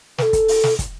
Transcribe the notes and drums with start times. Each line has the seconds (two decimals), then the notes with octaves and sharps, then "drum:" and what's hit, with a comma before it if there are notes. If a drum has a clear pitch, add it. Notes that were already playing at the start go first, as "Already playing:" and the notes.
0.18 B4, drum: snare
0.22 A4
0.33 drum: kick, hi-hat
0.48 drum: open hi-hat
0.64 drum: snare
0.79 drum: kick, hi-hat